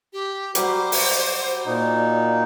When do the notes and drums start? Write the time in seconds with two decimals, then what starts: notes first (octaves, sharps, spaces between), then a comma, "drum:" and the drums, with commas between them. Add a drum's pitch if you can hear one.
0.13 G4
0.55 F#3 G3 C5 D6, drum: hi-hat
0.92 drum: open hi-hat
1.66 A#2 D#4